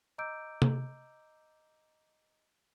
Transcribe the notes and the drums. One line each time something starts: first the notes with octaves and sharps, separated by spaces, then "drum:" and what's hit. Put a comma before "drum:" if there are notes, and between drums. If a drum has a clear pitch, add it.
D#5 A#5 D6 E6 G6 D7
drum: tom C3